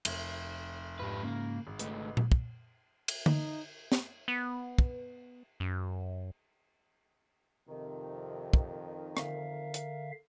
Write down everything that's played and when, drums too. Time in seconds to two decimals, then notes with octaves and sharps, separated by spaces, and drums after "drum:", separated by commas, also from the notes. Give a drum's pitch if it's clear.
0.05 F1, drum: cymbal
0.99 G#2 F4 G4 B4
1.23 C#3 A#3
1.67 G#1
1.79 C#2 A3 B4 D#5, drum: hi-hat
2.17 drum: tom A#2
2.32 drum: kick
3.08 drum: cymbal
3.26 D#4, drum: tom D3
3.92 drum: snare
4.28 B3
4.79 drum: kick
5.60 F#2
7.68 F2 C3 D#3
8.54 drum: kick
9.17 D3 A#4 E5 F5, drum: rim click
9.74 drum: hi-hat